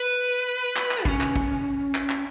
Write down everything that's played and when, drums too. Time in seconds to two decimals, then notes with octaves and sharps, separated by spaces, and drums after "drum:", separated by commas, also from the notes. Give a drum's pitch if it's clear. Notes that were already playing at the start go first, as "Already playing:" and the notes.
Already playing: B4
0.76 drum: clap
0.91 drum: clap
1.05 C#4, drum: kick
1.21 drum: clap
1.36 drum: kick
1.95 drum: clap
2.10 drum: clap